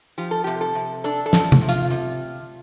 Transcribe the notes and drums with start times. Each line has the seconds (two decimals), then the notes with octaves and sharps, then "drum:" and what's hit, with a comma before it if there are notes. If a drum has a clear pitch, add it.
0.18 F3 G4
0.31 A4
0.44 C3 G4
0.61 A4
0.75 C3
1.04 D4 A4
1.26 A4
1.33 F3, drum: snare
1.52 drum: tom C3
1.62 C3
1.69 F4, drum: hi-hat
1.90 C3